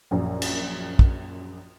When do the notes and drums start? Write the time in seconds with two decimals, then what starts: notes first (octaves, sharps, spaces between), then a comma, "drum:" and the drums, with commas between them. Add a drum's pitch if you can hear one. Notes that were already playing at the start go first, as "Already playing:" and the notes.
0.11 A#1 F#2
0.42 drum: cymbal
0.99 drum: kick